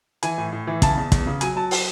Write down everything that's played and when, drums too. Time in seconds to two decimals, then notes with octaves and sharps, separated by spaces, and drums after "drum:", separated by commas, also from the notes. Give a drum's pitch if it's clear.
0.23 E3 G#5, drum: hi-hat
0.38 A2
0.52 A2
0.67 E3
0.82 C#3 A5, drum: kick, hi-hat
0.97 E2
1.12 E2, drum: kick, hi-hat
1.26 C#3
1.41 F#3 G#5, drum: hi-hat
1.56 F#3 A5
1.71 drum: open hi-hat